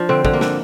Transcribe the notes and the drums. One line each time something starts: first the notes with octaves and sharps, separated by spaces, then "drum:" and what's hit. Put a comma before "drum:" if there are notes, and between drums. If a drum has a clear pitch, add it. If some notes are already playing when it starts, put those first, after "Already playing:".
Already playing: F3 D4
D3 C4
D3, drum: kick
A#3
D3, drum: snare